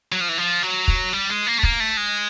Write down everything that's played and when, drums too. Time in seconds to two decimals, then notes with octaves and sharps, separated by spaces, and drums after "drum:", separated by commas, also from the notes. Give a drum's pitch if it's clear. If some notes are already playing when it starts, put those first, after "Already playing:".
0.12 F#3
0.21 F3
0.29 E3
0.38 F3
0.63 F#3
0.88 drum: kick
1.13 G3
1.30 G#3
1.47 A#3
1.59 A3
1.63 A#3, drum: kick
1.80 A3
1.97 G#3